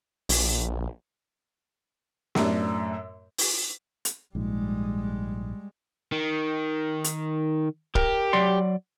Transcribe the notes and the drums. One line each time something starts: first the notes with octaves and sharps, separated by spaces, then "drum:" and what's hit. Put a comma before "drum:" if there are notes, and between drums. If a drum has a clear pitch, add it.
A#1, drum: open hi-hat
F#2 A2 D4, drum: snare
drum: open hi-hat
drum: hi-hat
A#1 G#2 G3 G#3
D#3
drum: hi-hat
G4 A#4, drum: kick
F#3 D5 C6